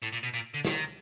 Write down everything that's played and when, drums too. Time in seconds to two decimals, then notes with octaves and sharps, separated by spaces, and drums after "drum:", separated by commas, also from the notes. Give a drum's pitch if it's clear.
0.02 A2
0.13 A#2
0.23 B2
0.34 A#2
0.54 D3
0.65 D#3, drum: snare